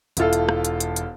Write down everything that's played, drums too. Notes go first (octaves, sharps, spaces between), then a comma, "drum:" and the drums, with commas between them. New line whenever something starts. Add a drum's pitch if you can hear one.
E1 E4 F4 A4, drum: hi-hat
drum: hi-hat
drum: rim click
drum: hi-hat
drum: hi-hat
drum: hi-hat